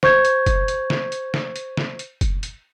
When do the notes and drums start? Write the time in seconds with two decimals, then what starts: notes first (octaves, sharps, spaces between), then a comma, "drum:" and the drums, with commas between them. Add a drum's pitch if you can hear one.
0.03 C5 C#6 G6 G#6, drum: snare
0.25 drum: hi-hat
0.46 drum: kick F#1, hi-hat
0.68 drum: hi-hat
0.90 drum: snare
1.12 drum: hi-hat
1.34 drum: snare
1.56 drum: hi-hat
1.77 drum: snare
1.99 drum: hi-hat
2.21 drum: kick F#1, hi-hat
2.43 drum: hi-hat